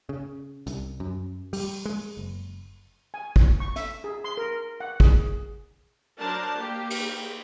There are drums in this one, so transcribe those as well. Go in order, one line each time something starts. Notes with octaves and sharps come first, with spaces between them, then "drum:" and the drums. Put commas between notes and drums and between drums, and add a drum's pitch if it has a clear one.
C#3
C2, drum: hi-hat
F#2
G3, drum: open hi-hat
G#3
F#1
G#5
drum: kick
C#6
E5, drum: hi-hat
G#4
C6
A#4
F#5
G#4, drum: kick
F#3 D4 A#4 C5 A5
A#3 G4
drum: cymbal